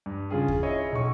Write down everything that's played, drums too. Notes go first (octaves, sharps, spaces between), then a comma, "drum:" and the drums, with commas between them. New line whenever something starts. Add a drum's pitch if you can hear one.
G2
C#3 F4 G#4
drum: kick D#2
E4 G#4 C#5 D#5
B1 C#6